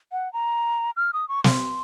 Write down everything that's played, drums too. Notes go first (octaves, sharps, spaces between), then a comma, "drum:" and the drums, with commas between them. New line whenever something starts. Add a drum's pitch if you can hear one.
F#5
A#5
F6
D#6
C#6
C6, drum: snare